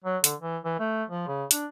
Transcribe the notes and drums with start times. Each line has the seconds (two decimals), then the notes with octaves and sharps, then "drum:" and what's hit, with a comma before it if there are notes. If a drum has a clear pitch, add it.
0.04 F#3
0.24 D3, drum: hi-hat
0.40 E3
0.64 E3
0.79 A3
1.10 F3
1.27 C#3
1.51 D4, drum: hi-hat